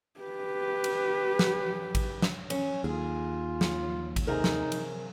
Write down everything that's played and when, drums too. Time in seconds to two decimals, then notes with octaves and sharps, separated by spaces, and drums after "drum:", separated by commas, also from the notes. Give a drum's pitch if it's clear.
0.20 G4 B4
0.84 drum: cymbal
1.39 drum: snare
1.95 drum: kick A1, cymbal
2.22 drum: snare
2.50 C#4, drum: cymbal
2.84 D#2 F4 G#4
3.61 drum: snare
4.16 drum: kick A1, cymbal
4.27 C3 D#4 G#4 A#4
4.44 drum: snare
4.72 drum: cymbal